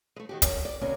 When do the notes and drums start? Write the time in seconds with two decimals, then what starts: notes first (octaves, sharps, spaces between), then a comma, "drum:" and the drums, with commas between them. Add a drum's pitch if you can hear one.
0.16 G#3 A3
0.29 D#3 F#4 G4
0.42 F#2, drum: kick, hi-hat
0.65 D5
0.81 D#2 C3 A#3 B3 C#4 A#4